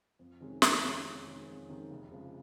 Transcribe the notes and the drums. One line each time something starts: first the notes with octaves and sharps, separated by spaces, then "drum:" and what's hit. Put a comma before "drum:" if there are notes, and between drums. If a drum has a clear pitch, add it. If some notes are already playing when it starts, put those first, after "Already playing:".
F2
C3 D#3 G#3 C#4
F2, drum: snare
C3 D#3 G#3 C#4
F2
C3 D#3 G#3 C#4
F2
C3 D#3 G#3 C#4
F1
F2 C#3 F3 G#3